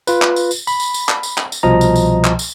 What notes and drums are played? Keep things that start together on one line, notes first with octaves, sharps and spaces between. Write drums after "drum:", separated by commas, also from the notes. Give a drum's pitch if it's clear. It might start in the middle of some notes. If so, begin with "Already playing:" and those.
F4 B4, drum: tambourine
drum: clap
drum: tambourine
drum: tambourine
B5, drum: tambourine
drum: tambourine
drum: tambourine
drum: clap
drum: tambourine
drum: clap
drum: tambourine
C2 B2 F3 D#5 A#5
drum: tambourine
drum: tambourine
drum: clap
drum: tambourine